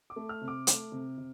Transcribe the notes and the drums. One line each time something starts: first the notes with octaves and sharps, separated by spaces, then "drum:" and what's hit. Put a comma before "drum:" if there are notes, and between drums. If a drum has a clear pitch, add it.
D6
A3
F6
C3
D6
A3, drum: hi-hat
C3
C3